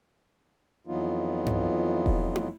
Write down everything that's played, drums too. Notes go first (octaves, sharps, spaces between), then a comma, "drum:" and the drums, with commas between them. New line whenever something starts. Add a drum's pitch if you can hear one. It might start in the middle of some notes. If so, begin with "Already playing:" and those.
F2 E3 F#3 B3 D#4 F4
drum: tom G2
drum: kick E1
drum: tom